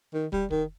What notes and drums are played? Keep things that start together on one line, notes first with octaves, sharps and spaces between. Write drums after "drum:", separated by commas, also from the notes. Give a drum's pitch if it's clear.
D#3
G3, drum: kick
D#3, drum: kick